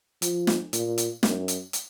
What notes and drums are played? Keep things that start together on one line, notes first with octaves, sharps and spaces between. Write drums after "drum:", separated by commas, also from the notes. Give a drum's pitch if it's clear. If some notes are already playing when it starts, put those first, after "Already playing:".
F3, drum: hi-hat
drum: snare
A#2, drum: hi-hat
drum: hi-hat
F#2, drum: snare
drum: hi-hat
drum: hi-hat